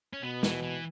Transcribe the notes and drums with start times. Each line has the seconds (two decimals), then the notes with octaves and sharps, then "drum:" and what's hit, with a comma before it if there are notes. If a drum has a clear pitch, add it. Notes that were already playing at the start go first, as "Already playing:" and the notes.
0.13 C#4
0.22 B2 B3
0.43 E3, drum: snare
0.63 E3